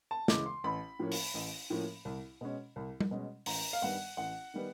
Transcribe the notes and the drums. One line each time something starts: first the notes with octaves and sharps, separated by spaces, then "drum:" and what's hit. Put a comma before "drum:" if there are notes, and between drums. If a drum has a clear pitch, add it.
A5
C#3 E3 G#3 D6, drum: snare
C6
A1 B5
A2 F3 A#3 C#4
drum: open hi-hat
A1
A2 F3 A#3 C#4
C2
B2 G#3 C#4
C2
drum: tom G3
B2 G#3 C#4
A1 A#5, drum: open hi-hat
F5
G2 D#3 G3 B3 F#5
A1 F#5
D#3 G3 B3